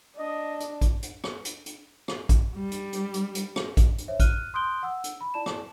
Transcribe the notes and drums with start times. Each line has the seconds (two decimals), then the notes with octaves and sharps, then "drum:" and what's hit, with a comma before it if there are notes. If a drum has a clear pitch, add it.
0.17 D4 D#5
0.60 drum: hi-hat
0.81 drum: kick, hi-hat
1.03 drum: hi-hat
1.24 drum: rim click
1.45 drum: hi-hat
1.66 drum: hi-hat
2.08 drum: rim click
2.29 drum: kick, hi-hat
2.55 G3
2.72 drum: hi-hat
2.93 drum: hi-hat
3.14 drum: hi-hat
3.35 drum: hi-hat
3.56 drum: rim click
3.77 drum: kick, hi-hat
3.98 drum: hi-hat
4.08 C5 C#5 E5
4.20 F6 F#6 D#7, drum: kick, hi-hat
4.54 C6 D#6 F#6 G6 D7 G7
4.83 F#5 E6
5.04 drum: hi-hat
5.21 B5
5.34 E4 D5 A5 E7
5.46 drum: rim click